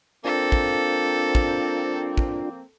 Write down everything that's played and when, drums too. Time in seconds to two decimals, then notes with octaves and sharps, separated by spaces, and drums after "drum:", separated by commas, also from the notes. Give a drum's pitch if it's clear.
0.25 F3 A#3 C4 D4 F4 A4
0.52 drum: kick
1.35 drum: kick
2.17 drum: kick